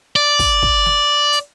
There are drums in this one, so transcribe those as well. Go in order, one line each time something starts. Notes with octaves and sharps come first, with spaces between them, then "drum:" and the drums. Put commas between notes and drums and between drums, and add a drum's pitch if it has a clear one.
D5
drum: kick, open hi-hat
drum: kick
drum: snare
drum: hi-hat